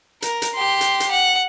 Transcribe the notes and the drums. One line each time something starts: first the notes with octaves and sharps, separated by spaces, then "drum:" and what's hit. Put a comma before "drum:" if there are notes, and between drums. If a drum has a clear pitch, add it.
A#4, drum: hi-hat
drum: hi-hat
G4 C6
drum: hi-hat
drum: hi-hat
F#5